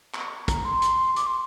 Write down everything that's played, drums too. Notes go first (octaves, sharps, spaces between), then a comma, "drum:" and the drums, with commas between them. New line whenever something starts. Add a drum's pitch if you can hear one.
drum: clap
A#5, drum: kick, hi-hat
C6
drum: hi-hat
D6, drum: hi-hat
C6